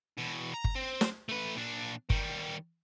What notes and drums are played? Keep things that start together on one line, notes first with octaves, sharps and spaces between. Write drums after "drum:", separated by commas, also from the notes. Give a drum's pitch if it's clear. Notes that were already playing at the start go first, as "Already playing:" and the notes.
E2 B2
A#5
drum: kick G1
C4
drum: snare
A3 B4
A#2 D4
D#3 G3, drum: kick G1